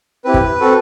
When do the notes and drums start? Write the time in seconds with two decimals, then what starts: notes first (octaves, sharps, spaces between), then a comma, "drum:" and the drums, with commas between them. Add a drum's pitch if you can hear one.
0.24 C4 E4 G4 B4
0.34 drum: kick
0.61 C4 F#4 A4